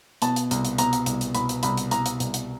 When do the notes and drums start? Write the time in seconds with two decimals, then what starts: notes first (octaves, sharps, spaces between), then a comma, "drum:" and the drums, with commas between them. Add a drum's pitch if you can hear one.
0.22 B2 A5, drum: hi-hat
0.36 drum: hi-hat
0.51 C2, drum: hi-hat
0.65 drum: hi-hat
0.78 B2 A#5, drum: hi-hat
0.93 drum: hi-hat
1.06 C2, drum: hi-hat
1.21 drum: hi-hat
1.35 B2 B5, drum: hi-hat
1.49 drum: hi-hat
1.63 C2 B5, drum: hi-hat
1.77 drum: hi-hat
1.91 B2 A#5, drum: hi-hat
2.06 drum: hi-hat
2.20 C2, drum: hi-hat
2.34 drum: hi-hat